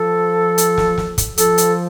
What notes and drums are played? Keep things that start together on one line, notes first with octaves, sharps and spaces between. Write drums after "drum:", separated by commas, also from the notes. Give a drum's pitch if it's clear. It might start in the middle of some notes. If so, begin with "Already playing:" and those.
Already playing: F3 A4
drum: hi-hat
drum: snare
drum: snare
drum: kick, hi-hat
F3 A4, drum: hi-hat
drum: hi-hat